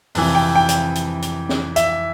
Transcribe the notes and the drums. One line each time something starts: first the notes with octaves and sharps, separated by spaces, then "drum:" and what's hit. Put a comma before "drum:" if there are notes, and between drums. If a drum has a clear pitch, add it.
F2 C3 E3, drum: open hi-hat
G5
G5
drum: hi-hat
drum: hi-hat
drum: hi-hat
drum: snare C#4
E5, drum: hi-hat